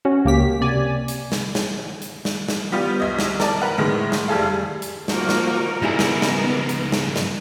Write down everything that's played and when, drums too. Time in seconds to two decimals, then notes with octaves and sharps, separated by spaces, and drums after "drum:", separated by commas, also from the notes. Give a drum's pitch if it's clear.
0.05 C#4 F#4
0.25 C#2 A#3 G4 B6
0.61 C3 D5 G#5
1.08 drum: hi-hat
1.32 drum: snare
1.55 drum: snare
2.02 drum: hi-hat
2.25 drum: snare
2.49 drum: snare
2.72 G3 B3 F4 G4
3.00 C2 D#5
3.19 drum: snare
3.40 A#4 D5 A5, drum: snare
3.60 A#4 B4 F#5 A#5
3.78 A2 D#3 G#3
4.12 drum: snare
4.28 F1 G3 G#4 A4 F5
4.82 drum: hi-hat
5.08 F3 A#3 D#4 F#4 A#4, drum: snare
5.29 drum: snare
5.82 G#2 C#3 G3 B3 E4 G#4
5.99 drum: snare
6.22 drum: snare
6.69 drum: hi-hat
6.92 drum: snare
7.16 drum: snare